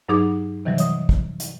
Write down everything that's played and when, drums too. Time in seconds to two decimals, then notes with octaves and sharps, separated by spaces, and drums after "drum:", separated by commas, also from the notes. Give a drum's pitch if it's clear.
0.09 G2 F#3 D#4 G#4 D6
0.65 C3 D#3 E3 F#3 G3
0.78 C#5 D#5 D#6, drum: hi-hat
1.09 drum: kick
1.40 drum: hi-hat